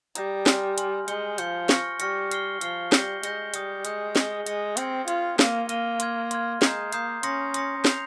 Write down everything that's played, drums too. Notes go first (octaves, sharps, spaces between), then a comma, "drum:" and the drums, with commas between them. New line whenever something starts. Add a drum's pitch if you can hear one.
G3 A#5 D#6 G6 A#6, drum: hi-hat
G#5 C6 F6, drum: snare
G#5 C6 F6, drum: hi-hat
G#3 G6 C#7 G7, drum: hi-hat
F3 G6 C#7 G7, drum: hi-hat
C#6 F6 A#6 C#7, drum: snare
G3 C#6 F6 A#6 C#7, drum: hi-hat
F6 C7 G7, drum: hi-hat
F3 F6 C7 G7, drum: hi-hat
G3 G6 A#6 C#7 G7, drum: snare
G#3 G6 A#6 C#7 G7, drum: hi-hat
G3 D#6 G6 C#7, drum: hi-hat
G#3 D#6 G6 C#7, drum: hi-hat
D#6 A#6 C#7 G7, drum: snare
G#3 D#6 A#6 C#7 G7, drum: hi-hat
C4 C6 F6 G#6 C#7, drum: hi-hat
F4 C6 F6 G#6 C#7, drum: hi-hat
A#3 F6 A#6 D#7 G7, drum: snare
A#3 F6 A#6 D#7 G7, drum: hi-hat
C6 F6 G#6, drum: hi-hat
C6 F6 G#6, drum: hi-hat
G#3 A#5 D#6 G6 C7, drum: snare
A#3 A#5 D#6 G6 C7, drum: hi-hat
C#4 C6 D#6 A#6 C#7, drum: hi-hat
C6 D#6 A#6 C#7, drum: hi-hat
G6 C7 F7, drum: snare